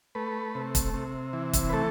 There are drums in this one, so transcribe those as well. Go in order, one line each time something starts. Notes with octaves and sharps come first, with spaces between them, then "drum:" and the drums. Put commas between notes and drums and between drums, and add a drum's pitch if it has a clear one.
A3 B4
C3
drum: kick, hi-hat
C3
E3
drum: kick, hi-hat
B4
A3 A4